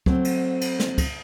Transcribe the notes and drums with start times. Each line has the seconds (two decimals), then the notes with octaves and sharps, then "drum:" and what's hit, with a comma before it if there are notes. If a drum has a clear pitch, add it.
0.06 F#3 A3 C4 C5, drum: kick
0.25 drum: cymbal
0.61 drum: cymbal
0.80 drum: snare
0.98 drum: kick, cymbal